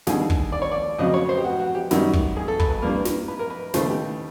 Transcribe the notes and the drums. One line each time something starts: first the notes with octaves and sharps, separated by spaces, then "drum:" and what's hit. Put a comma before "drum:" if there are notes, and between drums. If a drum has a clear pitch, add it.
D#2 D3 G3 G#4, drum: snare
drum: kick
D5
C#5
D5
F2 C#3 F#3 D#5
C#5
C5
G4
F#4
F#4
G4
F#2 D#3 G3, drum: snare
drum: kick
G#4
A4
B4, drum: kick
B4
G2 E3 G3 A#3 A#4
drum: snare
B4
A#4
B4
D#2 C#3 E3 A3 C5, drum: snare
G4